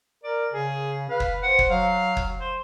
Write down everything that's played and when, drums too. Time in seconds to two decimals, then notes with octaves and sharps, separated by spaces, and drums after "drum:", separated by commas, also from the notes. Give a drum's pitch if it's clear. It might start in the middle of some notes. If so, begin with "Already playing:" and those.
0.24 A#4 D5
0.53 C#3 G#4
1.10 B4 F5
1.20 drum: kick
1.42 C5 F#5
1.59 drum: kick
1.70 F#3 F5
2.17 drum: kick
2.40 C5